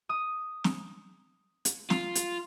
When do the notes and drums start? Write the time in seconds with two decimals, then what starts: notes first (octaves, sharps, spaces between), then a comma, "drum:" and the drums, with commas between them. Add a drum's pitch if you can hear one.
0.09 D#6
0.64 drum: snare
1.65 drum: hi-hat
1.90 F4, drum: snare
2.15 drum: hi-hat